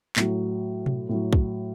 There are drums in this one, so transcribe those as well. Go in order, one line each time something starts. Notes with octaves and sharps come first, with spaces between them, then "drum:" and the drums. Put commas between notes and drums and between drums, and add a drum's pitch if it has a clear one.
A2 F#3, drum: clap
drum: tom B2
A2 F#3
drum: kick